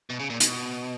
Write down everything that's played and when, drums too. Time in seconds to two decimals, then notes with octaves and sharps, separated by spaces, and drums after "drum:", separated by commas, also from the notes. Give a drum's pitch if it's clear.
0.10 B2
0.20 C#3
0.30 A#2
0.40 B2, drum: hi-hat